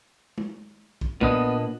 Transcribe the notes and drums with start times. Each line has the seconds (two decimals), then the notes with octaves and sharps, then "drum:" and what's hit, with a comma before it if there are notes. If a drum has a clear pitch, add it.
0.38 drum: tom
1.01 drum: kick
1.21 A#2 B3 D4 D#5, drum: kick